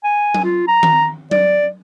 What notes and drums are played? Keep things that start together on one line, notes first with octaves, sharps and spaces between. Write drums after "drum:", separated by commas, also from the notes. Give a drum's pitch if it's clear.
G#5
drum: tom F#3
F4
A#5
drum: tom D#3
D5, drum: tom F#3